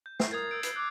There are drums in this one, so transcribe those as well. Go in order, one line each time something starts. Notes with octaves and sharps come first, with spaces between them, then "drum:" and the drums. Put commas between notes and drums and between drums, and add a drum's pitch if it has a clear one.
G6
C7, drum: snare
A#4 D#6 G#6 A6
E6 G6 D7
B4 C7, drum: hi-hat
D6 E6 F#6